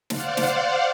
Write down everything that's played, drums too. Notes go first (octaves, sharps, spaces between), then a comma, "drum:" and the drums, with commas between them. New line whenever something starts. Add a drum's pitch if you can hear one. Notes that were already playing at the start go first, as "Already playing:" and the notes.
C5 D5 F5 F#5, drum: snare
drum: snare